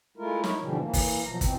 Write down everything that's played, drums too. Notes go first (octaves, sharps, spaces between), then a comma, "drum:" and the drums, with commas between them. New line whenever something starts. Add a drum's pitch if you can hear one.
G#3 A3 E4 F4 A#4
F#3 D#4 E4 A#4 C#5, drum: snare
G#2 B2 D3 E3 F3 G3
E3 A#3
drum: kick, open hi-hat
B2 F3 F#3 A#5
B2 E3 C4, drum: kick, hi-hat